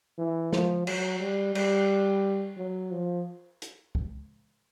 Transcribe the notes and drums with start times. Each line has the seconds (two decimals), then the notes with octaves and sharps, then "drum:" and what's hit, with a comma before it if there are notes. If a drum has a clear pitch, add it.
0.18 E3
0.53 F3, drum: snare
0.87 F#3, drum: cymbal
1.20 G3
1.55 G3, drum: cymbal
2.57 F#3
2.91 F3
3.62 drum: hi-hat
3.95 drum: kick